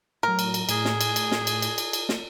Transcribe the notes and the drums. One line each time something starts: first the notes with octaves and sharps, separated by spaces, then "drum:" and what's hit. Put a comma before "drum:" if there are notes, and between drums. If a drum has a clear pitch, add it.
A2 F#3 A#4
drum: cymbal
drum: cymbal
A2 G#4 G#5, drum: cymbal
drum: snare
drum: cymbal
drum: cymbal
drum: snare
drum: cymbal
drum: cymbal
drum: cymbal
drum: cymbal
drum: snare